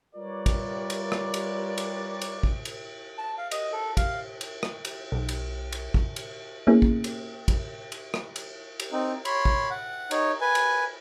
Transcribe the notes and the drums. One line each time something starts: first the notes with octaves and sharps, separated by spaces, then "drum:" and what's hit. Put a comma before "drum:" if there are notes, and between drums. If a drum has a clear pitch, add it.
G3 F4 A#4 B4 C#5 D5
drum: kick, cymbal
drum: cymbal
drum: rim click
drum: cymbal
drum: cymbal
drum: cymbal
drum: kick
drum: cymbal
A5
F5
D#5, drum: cymbal
A4
F5, drum: kick, cymbal
drum: cymbal
drum: rim click
drum: cymbal
B1
drum: cymbal
drum: cymbal
drum: kick
drum: cymbal
A#3 B3 C#4 E4 G#4
drum: kick
drum: cymbal
drum: kick, cymbal
drum: cymbal
drum: rim click
drum: cymbal
drum: cymbal
C4 D#4
C#5 B5 C6, drum: cymbal
drum: kick
F#5
D#4 C#5, drum: cymbal
B4 G#5
drum: cymbal